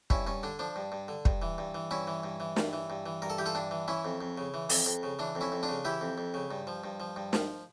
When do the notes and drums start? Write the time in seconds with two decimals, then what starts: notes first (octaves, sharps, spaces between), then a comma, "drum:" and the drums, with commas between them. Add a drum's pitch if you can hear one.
0.10 G2 C#4 E4, drum: kick
0.27 G2 C#4
0.43 D3 D4
0.59 F3 D4
0.76 G2
0.92 G2
1.08 D3
1.25 G2, drum: kick
1.42 E3
1.58 G2
1.75 E3
1.91 G2 C#4 E4
2.07 E3
2.24 G2
2.40 E3
2.56 G2, drum: snare
2.73 E3
2.90 G2
3.06 E3
3.22 G2 A#4
3.30 A4
3.38 E3 G4
3.46 F4 A4
3.55 G2 D4
3.71 E3
3.88 E3 C#4 E4
4.05 F2
4.21 F2
4.38 C#3
4.54 E3
4.69 F2, drum: open hi-hat
4.86 F2
5.03 C#3
5.19 E3 D4
5.35 F2
5.41 C#4 E4
5.52 F2
5.63 D4 F4
5.69 C#3
5.85 E3 E4 G4
6.01 F2
6.18 F2
6.34 C#3
6.51 G2
6.67 F3
6.84 G2
7.00 F3
7.16 G2
7.33 F3, drum: snare